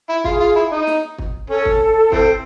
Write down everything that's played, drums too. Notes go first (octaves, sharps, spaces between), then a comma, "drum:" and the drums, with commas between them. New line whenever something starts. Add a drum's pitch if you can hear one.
E4
F4 G#4, drum: kick
F4
E4
D#4
drum: snare
drum: kick
C#4 A4
drum: kick
E3 A3 C4, drum: kick